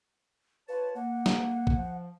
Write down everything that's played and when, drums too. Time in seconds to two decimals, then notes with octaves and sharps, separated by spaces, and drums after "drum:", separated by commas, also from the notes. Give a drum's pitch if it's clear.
0.69 F4 B4 C#5 A5
0.96 A#3 F#5
1.26 drum: snare
1.67 drum: kick
1.76 F3